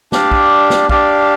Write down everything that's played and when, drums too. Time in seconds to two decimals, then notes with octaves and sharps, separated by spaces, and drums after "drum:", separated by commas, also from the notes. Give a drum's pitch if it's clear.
0.12 D4 G4 D5 F5, drum: snare
0.32 drum: kick
0.70 drum: snare
0.89 D4 G4 D5 F5, drum: kick